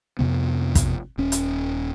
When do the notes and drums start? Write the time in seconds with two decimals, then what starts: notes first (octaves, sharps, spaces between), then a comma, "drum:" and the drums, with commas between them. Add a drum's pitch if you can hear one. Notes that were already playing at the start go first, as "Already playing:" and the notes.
0.19 F2 G#2 C3 B3
0.75 drum: kick, hi-hat
1.18 D#1 C#4
1.32 drum: hi-hat